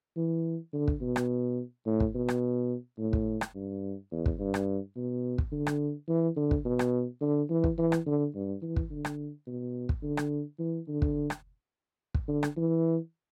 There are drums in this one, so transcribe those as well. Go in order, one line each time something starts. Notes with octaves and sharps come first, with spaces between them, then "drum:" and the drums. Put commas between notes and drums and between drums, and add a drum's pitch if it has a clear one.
E3
D3
drum: kick
B2
drum: rim click
A2
drum: kick
B2
drum: rim click
A2
drum: kick
drum: rim click
G2
E2
drum: kick
G2
drum: rim click
B2
drum: kick
D3
drum: rim click
E3
D3
drum: kick
B2
drum: rim click
D3
E3
drum: kick
E3
drum: rim click
D3
G2
E3
drum: kick
D3
drum: rim click
B2
drum: kick
D3
drum: rim click
E3
D3
drum: kick
drum: rim click
drum: kick
D3
drum: rim click
E3